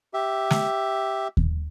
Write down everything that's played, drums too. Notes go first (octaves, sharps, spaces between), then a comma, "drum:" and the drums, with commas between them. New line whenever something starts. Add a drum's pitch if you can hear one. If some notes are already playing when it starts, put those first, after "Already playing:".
G4 E5
drum: snare
drum: kick D#2